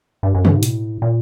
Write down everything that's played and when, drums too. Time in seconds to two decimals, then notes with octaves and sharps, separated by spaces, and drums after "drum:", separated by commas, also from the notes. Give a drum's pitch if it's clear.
0.23 G2
0.35 F#2
0.45 G2, drum: tom
0.56 G#2
0.63 A2, drum: hi-hat
1.02 A#2